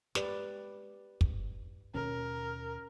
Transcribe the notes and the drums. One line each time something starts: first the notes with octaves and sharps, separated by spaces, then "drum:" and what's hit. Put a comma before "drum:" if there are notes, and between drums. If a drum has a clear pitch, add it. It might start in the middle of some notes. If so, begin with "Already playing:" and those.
G#3 A#3 G4 B4 D5, drum: snare
G#2, drum: kick
D#2 B2 C#4 A#4